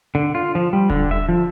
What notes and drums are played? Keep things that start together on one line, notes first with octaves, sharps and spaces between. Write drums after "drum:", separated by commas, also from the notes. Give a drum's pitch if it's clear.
D3
F4
F3
G3
D3, drum: kick E1
E5
F3